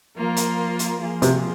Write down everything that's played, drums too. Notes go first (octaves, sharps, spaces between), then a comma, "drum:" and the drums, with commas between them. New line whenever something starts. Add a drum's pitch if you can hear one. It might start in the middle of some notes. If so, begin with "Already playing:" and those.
F3 A#3 F4 A#4
drum: hi-hat
drum: hi-hat
F3 A#3 F4 G#4
C3, drum: hi-hat